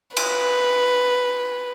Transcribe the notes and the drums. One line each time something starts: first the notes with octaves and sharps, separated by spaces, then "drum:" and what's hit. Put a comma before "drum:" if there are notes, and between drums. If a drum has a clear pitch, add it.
B4, drum: cymbal